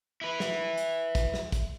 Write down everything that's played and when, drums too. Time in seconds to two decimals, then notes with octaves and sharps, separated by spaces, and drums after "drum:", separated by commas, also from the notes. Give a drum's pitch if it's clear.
0.21 E4 B4
0.40 drum: snare
0.78 drum: hi-hat
1.15 drum: kick, hi-hat
1.34 drum: snare
1.52 drum: kick, hi-hat